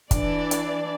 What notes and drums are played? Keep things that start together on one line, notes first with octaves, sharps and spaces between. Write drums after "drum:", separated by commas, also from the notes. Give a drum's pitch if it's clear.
E3 D4 D5, drum: kick, hi-hat
drum: hi-hat